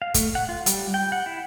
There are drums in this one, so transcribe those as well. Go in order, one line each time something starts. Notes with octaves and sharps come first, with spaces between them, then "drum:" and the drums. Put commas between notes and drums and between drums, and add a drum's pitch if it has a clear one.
F5
A3, drum: kick, hi-hat
F#5
F4
G3, drum: hi-hat
G5
F#5
E4